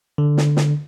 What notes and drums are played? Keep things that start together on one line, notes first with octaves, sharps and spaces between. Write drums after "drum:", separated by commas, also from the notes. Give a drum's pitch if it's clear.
D3
drum: snare
drum: snare